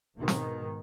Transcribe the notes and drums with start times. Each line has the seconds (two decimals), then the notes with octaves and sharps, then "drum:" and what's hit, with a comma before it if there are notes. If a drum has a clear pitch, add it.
0.17 G#2 B2 D#3
0.28 drum: snare